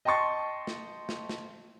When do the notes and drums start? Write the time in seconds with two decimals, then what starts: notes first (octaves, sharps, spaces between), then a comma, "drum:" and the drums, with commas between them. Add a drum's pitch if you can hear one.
0.05 D#5 G5 A5 C6 C#6 A6
0.67 drum: snare
1.09 drum: snare
1.29 drum: snare